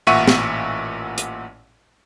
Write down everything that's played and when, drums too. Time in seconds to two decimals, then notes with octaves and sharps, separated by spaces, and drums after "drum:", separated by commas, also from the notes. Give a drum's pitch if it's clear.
0.07 A1 A#2 E5 F#5 C#6 D#7
0.28 drum: snare
1.18 drum: hi-hat